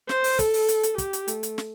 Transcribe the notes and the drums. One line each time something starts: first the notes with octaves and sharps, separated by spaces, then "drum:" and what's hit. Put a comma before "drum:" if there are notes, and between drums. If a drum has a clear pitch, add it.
C5, drum: snare
drum: open hi-hat
A4, drum: kick, hi-hat
drum: open hi-hat
drum: hi-hat
drum: hi-hat
G4, drum: kick, hi-hat
drum: hi-hat
A3, drum: hi-hat
drum: hi-hat
drum: snare